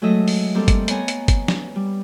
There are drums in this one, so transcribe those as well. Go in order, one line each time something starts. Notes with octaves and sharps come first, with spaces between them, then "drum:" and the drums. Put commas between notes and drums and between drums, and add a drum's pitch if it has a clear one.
F#3 G#3 A3 A4 D#5 E5
drum: open hi-hat
G3 A#3 C4 G4 A4
drum: kick G1, hi-hat
B3 C#5 G#5 A#5, drum: hi-hat
drum: hi-hat
drum: kick G1, hi-hat
drum: snare
G3